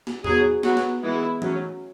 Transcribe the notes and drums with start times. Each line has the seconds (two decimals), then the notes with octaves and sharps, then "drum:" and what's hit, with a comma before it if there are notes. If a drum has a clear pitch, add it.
0.07 drum: snare
0.24 F#3 B3 G#4, drum: tom E2
0.63 F#3 B3 F#4, drum: snare
0.77 drum: snare
1.02 E3 G#3 B3 E4
1.42 F#3 A3 C#4, drum: tom E3